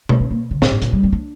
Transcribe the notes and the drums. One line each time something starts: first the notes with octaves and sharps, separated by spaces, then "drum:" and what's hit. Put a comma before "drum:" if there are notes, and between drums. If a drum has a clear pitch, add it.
A#3, drum: tom B2
D4
A#3
D3
A#2, drum: snare
G#2
A#2, drum: hi-hat
G3
C4
D4